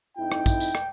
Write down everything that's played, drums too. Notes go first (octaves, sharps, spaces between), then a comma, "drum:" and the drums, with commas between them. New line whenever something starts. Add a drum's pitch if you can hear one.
F2 D#4 E4 G5
drum: rim click
drum: kick, tambourine
drum: tambourine
drum: rim click